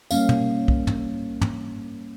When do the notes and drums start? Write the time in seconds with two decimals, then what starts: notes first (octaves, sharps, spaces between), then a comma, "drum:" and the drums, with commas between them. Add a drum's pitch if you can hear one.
0.11 G3 A#3 C#4 F5, drum: tambourine
0.29 drum: tom
0.68 drum: kick B1
0.87 drum: tom
1.41 drum: tom